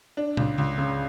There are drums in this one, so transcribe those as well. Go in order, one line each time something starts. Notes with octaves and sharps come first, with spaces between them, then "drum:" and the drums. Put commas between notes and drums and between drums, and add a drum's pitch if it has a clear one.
D4
C#2, drum: tom A#2
C#2
C#3